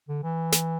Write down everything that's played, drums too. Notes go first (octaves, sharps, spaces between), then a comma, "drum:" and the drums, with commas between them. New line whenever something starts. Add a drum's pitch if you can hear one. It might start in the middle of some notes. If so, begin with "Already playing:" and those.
D3
E3
drum: snare